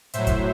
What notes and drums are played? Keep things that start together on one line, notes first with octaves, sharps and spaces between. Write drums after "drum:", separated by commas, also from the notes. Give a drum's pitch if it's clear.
A2 F#3 C5 E5, drum: hi-hat
drum: kick, hi-hat